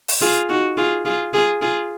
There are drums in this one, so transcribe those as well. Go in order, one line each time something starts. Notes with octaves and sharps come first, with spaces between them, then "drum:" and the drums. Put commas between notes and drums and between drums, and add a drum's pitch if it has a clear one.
drum: open hi-hat
F4 G#4
D#4 F#4
F4 G#4
F4 G#4
F4 G#4
F4 G#4